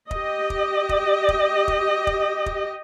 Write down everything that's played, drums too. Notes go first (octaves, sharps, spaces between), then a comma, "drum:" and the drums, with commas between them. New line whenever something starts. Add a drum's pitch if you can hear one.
G4 D#5, drum: kick
drum: kick
drum: kick
drum: kick
drum: kick
drum: kick
drum: kick